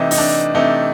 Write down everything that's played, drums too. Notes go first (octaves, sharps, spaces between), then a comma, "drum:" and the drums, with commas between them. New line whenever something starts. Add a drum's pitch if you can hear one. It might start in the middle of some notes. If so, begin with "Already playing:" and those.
Already playing: C3 E3 A3 D#4
D#4, drum: open hi-hat
D4
C3 E3 A3 D#4